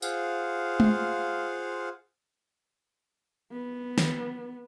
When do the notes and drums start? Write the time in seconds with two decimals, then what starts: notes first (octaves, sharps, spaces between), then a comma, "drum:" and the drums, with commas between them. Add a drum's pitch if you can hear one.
0.02 F4 G#4 C5 F5 F#5, drum: tambourine
0.80 drum: tom G#3
3.52 B3
3.98 drum: snare